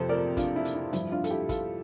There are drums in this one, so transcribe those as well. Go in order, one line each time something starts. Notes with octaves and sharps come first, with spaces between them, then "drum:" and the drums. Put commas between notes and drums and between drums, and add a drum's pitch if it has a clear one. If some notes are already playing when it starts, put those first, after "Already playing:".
Already playing: F2 C3 F3 A4 C5
A#4 D5
D4 F4, drum: kick, hi-hat
E4
drum: hi-hat
E4
G2 F3 E4, drum: hi-hat
D4 F4
A4, drum: hi-hat
E4 G4
F4 A4, drum: kick, hi-hat